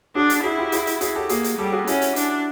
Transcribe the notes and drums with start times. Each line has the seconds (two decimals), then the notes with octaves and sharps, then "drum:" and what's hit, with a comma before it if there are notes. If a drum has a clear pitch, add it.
0.15 D4 F#4 G#4
0.30 drum: hi-hat
0.44 E4 F#4 G#4
0.58 F4 G4
0.72 F#4 G#4, drum: hi-hat
0.87 drum: hi-hat
1.01 F#4 G#4, drum: hi-hat
1.15 G4 A4
1.29 A#3 F#4 G#4, drum: hi-hat
1.44 drum: hi-hat
1.58 G3 G4 A4
1.72 F#4 G#4
1.87 C#4 E4 F#4, drum: hi-hat
2.02 drum: hi-hat
2.16 D4, drum: hi-hat